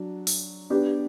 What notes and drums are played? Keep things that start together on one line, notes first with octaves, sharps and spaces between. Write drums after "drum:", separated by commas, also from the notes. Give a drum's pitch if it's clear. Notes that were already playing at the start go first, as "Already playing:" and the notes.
Already playing: F#3 D4
drum: open hi-hat
B3 D4 G4